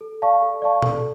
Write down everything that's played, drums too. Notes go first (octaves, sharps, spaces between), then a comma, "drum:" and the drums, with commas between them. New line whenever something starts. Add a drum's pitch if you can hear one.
A4
D5 F5 A5 C#6
A4
D5 F5 A5 C#6
A4, drum: tom A#2